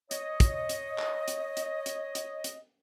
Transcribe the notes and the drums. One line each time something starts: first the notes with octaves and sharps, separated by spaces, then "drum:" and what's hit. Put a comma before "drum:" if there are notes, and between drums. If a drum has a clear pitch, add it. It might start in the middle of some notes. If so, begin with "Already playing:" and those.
C#5 D#5, drum: hi-hat
drum: kick, hi-hat
drum: hi-hat
drum: clap
drum: hi-hat
drum: hi-hat
drum: hi-hat
drum: hi-hat
drum: hi-hat